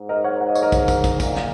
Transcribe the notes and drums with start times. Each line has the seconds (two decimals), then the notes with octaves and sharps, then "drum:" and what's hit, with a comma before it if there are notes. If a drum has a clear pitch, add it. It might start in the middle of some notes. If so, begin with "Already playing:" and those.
Already playing: G#2
0.09 A#4 D#5
0.24 C#5 F#5
0.41 F#5
0.48 D#5
0.55 C#5, drum: tambourine
0.62 A#4 D#5
0.72 drum: kick, tambourine
0.88 drum: kick, tambourine
1.04 drum: kick, tambourine
1.20 A#2, drum: kick, tambourine
1.35 drum: snare